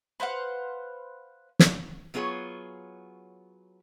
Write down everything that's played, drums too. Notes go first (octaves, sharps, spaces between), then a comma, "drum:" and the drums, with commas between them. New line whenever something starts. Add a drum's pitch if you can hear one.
B4 C5 F5 F#5
drum: snare
F#3 B3 F4 G#4 C#5